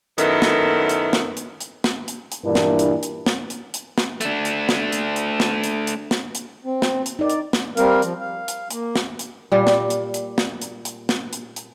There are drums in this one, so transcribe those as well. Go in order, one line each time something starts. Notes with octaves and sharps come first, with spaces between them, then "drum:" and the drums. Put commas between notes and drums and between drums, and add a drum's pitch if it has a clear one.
F#2 D#3 A3 B3 E4, drum: hi-hat
drum: snare
drum: hi-hat
drum: snare
drum: hi-hat
drum: hi-hat
drum: snare
drum: hi-hat
drum: hi-hat
G2 A#2 E3 D4 E4 A#4
drum: snare
drum: hi-hat
drum: hi-hat
drum: snare
drum: hi-hat
drum: hi-hat
drum: snare
A3 D4, drum: hi-hat
drum: hi-hat
drum: snare
drum: hi-hat
drum: hi-hat
drum: snare
drum: hi-hat
drum: hi-hat
drum: snare
drum: hi-hat
C4
drum: snare
drum: hi-hat
D#3 D#4 D5
drum: hi-hat
drum: snare
G3 C4 A#4 F5, drum: hi-hat
F3, drum: hi-hat
F5
drum: hi-hat
A#3, drum: hi-hat
drum: snare
drum: hi-hat
A#2 G3
drum: snare
drum: hi-hat
drum: hi-hat
drum: snare
drum: hi-hat
drum: hi-hat
drum: snare
drum: hi-hat
drum: hi-hat